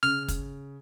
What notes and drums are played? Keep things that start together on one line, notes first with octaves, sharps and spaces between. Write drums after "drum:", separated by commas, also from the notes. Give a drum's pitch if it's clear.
C#3 F6
drum: kick, hi-hat